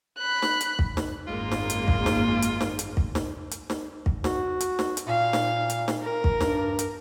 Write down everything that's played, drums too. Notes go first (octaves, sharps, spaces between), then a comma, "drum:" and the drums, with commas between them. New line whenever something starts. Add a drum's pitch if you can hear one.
B5 F#6
drum: snare
drum: hi-hat
drum: kick
drum: snare
G#1 F#2 G#3 A#3 F4
drum: snare
drum: hi-hat
drum: kick
drum: snare
drum: hi-hat
drum: snare
drum: hi-hat
drum: kick
drum: snare
drum: hi-hat
drum: snare
drum: kick
F#4, drum: snare
drum: hi-hat
drum: snare
drum: hi-hat
A#2 F5
drum: snare
drum: hi-hat
drum: snare
A#4
drum: kick
G2, drum: snare
drum: hi-hat